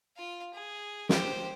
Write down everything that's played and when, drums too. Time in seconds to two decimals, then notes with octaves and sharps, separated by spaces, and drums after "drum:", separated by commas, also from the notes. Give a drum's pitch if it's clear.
0.16 F4 F5
0.54 G#4
1.09 G4 C5, drum: snare